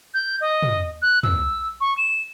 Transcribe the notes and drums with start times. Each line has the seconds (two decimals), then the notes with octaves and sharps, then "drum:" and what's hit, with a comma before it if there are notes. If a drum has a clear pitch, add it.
0.14 G6
0.41 D#5
0.62 drum: tom
1.02 F#6
1.23 E6, drum: tom
1.81 C#6
1.97 E7